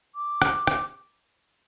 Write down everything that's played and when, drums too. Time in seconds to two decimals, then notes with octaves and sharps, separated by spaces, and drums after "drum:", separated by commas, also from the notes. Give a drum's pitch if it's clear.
0.15 D6
0.42 drum: rim click
0.67 drum: rim click